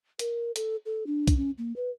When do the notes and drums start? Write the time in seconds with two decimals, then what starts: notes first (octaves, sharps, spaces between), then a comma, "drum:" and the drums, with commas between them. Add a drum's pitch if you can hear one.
0.19 A#4, drum: hi-hat
0.56 A4, drum: hi-hat
0.86 A4
1.07 D4
1.27 drum: kick B1, hi-hat
1.37 C#4
1.58 A#3
1.76 B4